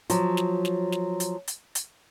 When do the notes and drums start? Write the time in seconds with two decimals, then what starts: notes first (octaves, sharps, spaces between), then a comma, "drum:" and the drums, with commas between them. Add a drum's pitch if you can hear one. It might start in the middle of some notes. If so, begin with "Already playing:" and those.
0.10 F3 F#3, drum: hi-hat
0.37 drum: snare
0.65 drum: snare
0.92 drum: snare
1.20 drum: hi-hat
1.48 drum: hi-hat
1.75 drum: hi-hat